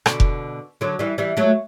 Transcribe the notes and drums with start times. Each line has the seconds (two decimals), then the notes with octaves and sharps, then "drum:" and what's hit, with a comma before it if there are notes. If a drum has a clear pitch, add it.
0.06 B2 D3, drum: rim click
0.20 drum: kick F1
0.81 D3 F#3
0.99 E3 G3
1.18 E3 G3
1.37 F#3 A3